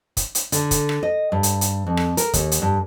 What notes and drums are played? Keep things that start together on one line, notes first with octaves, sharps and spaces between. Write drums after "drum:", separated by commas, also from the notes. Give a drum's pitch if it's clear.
drum: kick, hi-hat
drum: hi-hat
D3, drum: hi-hat
drum: kick, hi-hat
drum: rim click
D#5
G2
drum: hi-hat
drum: hi-hat
F2
drum: rim click
A#4, drum: hi-hat
D#2, drum: kick, hi-hat
drum: hi-hat
G2